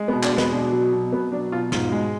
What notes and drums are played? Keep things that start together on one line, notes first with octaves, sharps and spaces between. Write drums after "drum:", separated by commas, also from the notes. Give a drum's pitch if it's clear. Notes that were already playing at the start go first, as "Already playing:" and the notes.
Already playing: G#3
B3
B2
D4, drum: clap
G#3
B3, drum: snare
B2 D4
F#3
B2
B2 B3
F#3 D4
B2 F4
G#2 F4, drum: snare
G#3